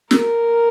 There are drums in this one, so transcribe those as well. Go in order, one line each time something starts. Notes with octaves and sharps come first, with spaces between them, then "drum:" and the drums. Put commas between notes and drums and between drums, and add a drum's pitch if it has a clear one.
A#4, drum: snare